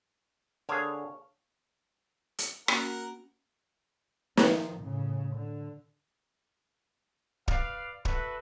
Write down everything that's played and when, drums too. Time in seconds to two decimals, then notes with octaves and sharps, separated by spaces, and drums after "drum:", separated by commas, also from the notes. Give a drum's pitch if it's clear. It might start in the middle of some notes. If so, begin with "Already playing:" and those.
0.69 D3 A#3 G#4 C#5 F5
2.38 drum: hi-hat
2.68 A#3 C#4 F#4 A#4 F#5, drum: rim click
4.37 D#3 F3, drum: snare
4.81 A2 C#3
5.34 D3
7.48 B4 D5 F5, drum: kick
8.05 F#4 A4 B4 E5, drum: kick